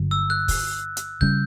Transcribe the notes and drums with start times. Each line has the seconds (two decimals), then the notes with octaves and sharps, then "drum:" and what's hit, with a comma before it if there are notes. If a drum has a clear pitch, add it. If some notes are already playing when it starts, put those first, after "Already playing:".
Already playing: G1 G2 D3 F#3
0.11 E6
0.30 F#6
0.48 drum: kick, open hi-hat
0.97 drum: hi-hat
1.21 C#3 G3 C#4 G6, drum: kick